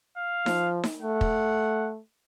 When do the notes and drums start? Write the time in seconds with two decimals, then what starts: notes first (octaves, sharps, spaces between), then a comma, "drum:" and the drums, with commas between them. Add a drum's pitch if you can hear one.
0.17 F5
0.46 F3, drum: snare D#4
0.84 drum: snare D#4
1.02 A3 F#5
1.21 drum: kick